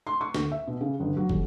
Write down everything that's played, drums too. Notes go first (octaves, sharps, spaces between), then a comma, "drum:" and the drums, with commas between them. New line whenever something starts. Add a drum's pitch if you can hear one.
C6
C#6
D2, drum: snare
E5
B2
C#3
G1
F#3
D#1, drum: kick